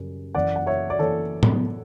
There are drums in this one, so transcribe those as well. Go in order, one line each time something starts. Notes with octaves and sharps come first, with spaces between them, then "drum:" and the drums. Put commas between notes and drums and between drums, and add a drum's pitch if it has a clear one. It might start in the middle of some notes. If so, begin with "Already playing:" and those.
Already playing: F#2 C#3 G3
F#1 F#2 E3 D5 F#5
F#5
C#5 E5
D5
E3 A4 C#5
drum: tom